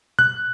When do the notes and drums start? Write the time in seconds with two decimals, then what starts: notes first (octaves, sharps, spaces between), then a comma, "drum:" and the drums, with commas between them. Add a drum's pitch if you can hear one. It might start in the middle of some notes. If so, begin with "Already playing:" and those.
0.19 F#6, drum: tom B2